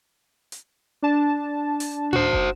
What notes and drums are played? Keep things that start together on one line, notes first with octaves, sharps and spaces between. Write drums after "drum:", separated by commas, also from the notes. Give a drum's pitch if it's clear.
drum: hi-hat
D4 A5
drum: open hi-hat
F#4 C5, drum: tom A2
drum: kick